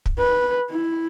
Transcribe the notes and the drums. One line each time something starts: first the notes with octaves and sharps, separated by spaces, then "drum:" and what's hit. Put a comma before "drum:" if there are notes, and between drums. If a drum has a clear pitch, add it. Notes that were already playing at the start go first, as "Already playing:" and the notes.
drum: kick
B4
E4